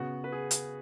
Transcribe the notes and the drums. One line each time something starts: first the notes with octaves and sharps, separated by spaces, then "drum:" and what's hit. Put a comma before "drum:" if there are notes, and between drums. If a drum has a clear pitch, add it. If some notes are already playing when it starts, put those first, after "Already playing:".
Already playing: C#3 B3 F#4
B4
G#4
drum: hi-hat